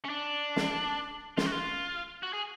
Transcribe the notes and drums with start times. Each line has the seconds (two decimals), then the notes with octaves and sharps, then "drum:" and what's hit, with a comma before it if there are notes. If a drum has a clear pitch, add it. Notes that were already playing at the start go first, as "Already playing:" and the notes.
0.05 C#4
0.09 D4
0.56 drum: snare
1.37 F4, drum: snare
1.46 F#4
1.52 F4
2.23 F#4
2.33 G#4